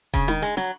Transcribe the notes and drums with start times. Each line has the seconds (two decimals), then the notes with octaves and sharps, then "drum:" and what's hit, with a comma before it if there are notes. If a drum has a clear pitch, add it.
0.14 C#3, drum: kick E1, open hi-hat
0.28 D#3, drum: tom D#4
0.42 G#3, drum: hi-hat
0.57 F#3, drum: snare